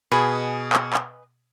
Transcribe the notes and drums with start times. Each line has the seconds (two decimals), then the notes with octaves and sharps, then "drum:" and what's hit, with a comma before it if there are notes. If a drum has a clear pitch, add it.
0.11 B2 G#4 B4 D#5 G#5
0.73 drum: clap
0.93 drum: clap